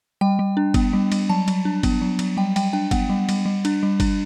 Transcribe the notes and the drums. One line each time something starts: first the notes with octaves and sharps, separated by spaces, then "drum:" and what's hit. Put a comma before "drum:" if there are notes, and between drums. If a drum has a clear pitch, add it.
G3 G5
G3
D4
B3, drum: kick G1, cymbal
G3
G3, drum: cymbal
F#3 A5
F#3, drum: cymbal
D4
B3, drum: kick G1, cymbal
F#3
F#3, drum: cymbal
G3 G5
G3 G5, drum: cymbal
D4 G5
B3 F#5, drum: kick G1, cymbal
G3
G3, drum: cymbal
G3
D4, drum: cymbal
G3
D4, drum: kick G1, cymbal